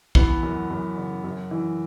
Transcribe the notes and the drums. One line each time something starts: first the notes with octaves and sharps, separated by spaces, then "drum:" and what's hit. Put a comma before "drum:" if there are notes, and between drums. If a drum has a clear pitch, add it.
E3 B3, drum: kick
F#2
F#2
C#3
F#2
E3